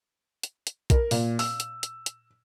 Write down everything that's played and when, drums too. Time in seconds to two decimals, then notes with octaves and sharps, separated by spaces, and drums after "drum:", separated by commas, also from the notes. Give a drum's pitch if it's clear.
0.43 drum: hi-hat
0.67 drum: hi-hat
0.90 A#4, drum: kick B1, hi-hat
1.11 A#2, drum: open hi-hat
1.39 E6, drum: open hi-hat
1.60 drum: hi-hat
1.83 drum: hi-hat
2.06 drum: hi-hat